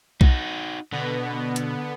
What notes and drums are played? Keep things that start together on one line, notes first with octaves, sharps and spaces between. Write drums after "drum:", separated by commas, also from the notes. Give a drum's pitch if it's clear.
D#4 F#4, drum: kick B1
B2 D3 B3
drum: hi-hat